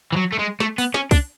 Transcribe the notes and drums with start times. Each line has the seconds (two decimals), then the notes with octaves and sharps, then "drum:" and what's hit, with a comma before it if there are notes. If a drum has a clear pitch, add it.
0.12 E3
0.16 F#3
0.33 A3
0.39 G#3
0.60 A3, drum: snare
0.78 B3, drum: open hi-hat
0.94 C#4, drum: snare
1.11 D4, drum: kick, open hi-hat